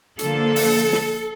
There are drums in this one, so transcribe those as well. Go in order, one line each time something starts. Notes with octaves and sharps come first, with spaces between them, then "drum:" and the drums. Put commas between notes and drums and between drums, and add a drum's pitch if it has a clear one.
D3 F3 A#3 A4, drum: hi-hat
drum: open hi-hat
drum: snare